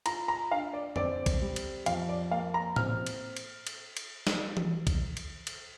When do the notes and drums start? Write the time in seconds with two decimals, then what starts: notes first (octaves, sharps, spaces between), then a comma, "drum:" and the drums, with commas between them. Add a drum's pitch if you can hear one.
0.06 F4 A#5, drum: cymbal
0.28 A#5
0.51 D4 F5
0.73 D5
0.96 C4 D5, drum: tom F2
1.26 drum: kick, cymbal
1.42 G3
1.56 drum: cymbal
1.86 F2 F5, drum: cymbal
2.09 D5
2.31 A#3 F5
2.54 A#5
2.76 C4 F6, drum: tom A2
3.06 drum: cymbal
3.37 drum: cymbal
3.67 drum: cymbal
3.97 drum: cymbal
4.27 drum: snare
4.57 drum: tom E3
4.87 drum: kick, cymbal
5.17 drum: cymbal
5.47 drum: cymbal